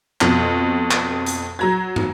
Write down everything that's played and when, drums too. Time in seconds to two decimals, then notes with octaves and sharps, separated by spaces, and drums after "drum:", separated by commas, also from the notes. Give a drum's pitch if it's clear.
0.21 F2 B2, drum: clap
0.91 drum: clap
1.26 drum: hi-hat
1.59 F#3 A#5 G#6
1.96 drum: tom